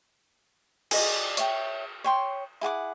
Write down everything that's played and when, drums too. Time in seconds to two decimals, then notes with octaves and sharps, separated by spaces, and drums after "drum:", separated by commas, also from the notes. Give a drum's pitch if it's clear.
0.91 D5 D#5 G#5, drum: cymbal
1.37 C#5 E5 G5, drum: hi-hat
2.04 C#5 G5 C6
2.61 E4 G#4 F#5 D6